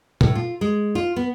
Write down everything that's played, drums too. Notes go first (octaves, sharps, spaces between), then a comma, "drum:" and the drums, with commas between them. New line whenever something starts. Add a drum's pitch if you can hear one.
A2, drum: tom B2
F4
G#3
F4
B3